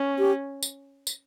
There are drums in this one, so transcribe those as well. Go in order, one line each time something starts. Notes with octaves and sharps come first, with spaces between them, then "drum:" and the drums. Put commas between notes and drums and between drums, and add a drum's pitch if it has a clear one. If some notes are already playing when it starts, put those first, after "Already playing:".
Already playing: C#4
G4
drum: tambourine
drum: tambourine